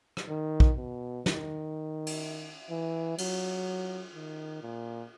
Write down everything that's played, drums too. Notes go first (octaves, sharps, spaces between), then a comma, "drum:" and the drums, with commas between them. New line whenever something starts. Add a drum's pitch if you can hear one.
drum: rim click
D#3
drum: kick A#1
B2
D#3, drum: snare
drum: cymbal
E3
F#3, drum: cymbal
D#3
A#2